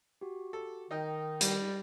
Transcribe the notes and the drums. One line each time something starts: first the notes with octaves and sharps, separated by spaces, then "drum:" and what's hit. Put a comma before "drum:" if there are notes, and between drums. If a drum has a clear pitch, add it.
F#4 G4
A4
D#3 D#4 A#4 D#5 G5 D#6
G3 A#6, drum: hi-hat